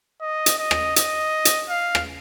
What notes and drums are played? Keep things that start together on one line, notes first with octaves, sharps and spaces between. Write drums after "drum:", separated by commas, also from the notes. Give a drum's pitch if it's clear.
D#5
drum: hi-hat
D#5
drum: rim click
D#5, drum: hi-hat
drum: hi-hat
F5
drum: rim click